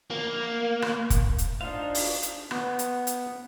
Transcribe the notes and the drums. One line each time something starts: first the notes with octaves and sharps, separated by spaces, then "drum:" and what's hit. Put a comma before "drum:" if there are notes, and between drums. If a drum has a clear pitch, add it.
A#3
drum: rim click
drum: kick, hi-hat
drum: hi-hat
D4 D#4 F4 C5 F5
drum: open hi-hat
drum: hi-hat
B3, drum: rim click
drum: hi-hat
drum: hi-hat